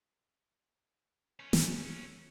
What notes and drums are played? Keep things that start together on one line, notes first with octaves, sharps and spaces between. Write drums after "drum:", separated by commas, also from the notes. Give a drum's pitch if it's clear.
A3 C#4
drum: snare